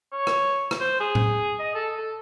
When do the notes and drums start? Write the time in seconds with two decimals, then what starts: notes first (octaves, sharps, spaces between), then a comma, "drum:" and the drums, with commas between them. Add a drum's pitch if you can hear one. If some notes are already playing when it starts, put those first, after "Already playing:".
0.12 C#5
0.27 drum: rim click
0.71 drum: rim click
0.80 C5
1.00 G#4
1.15 drum: tom A2
1.59 D#5
1.75 A4
1.98 A4